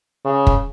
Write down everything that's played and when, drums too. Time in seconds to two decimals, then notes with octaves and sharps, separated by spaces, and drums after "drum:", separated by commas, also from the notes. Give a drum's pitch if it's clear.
0.25 C#3
0.47 drum: kick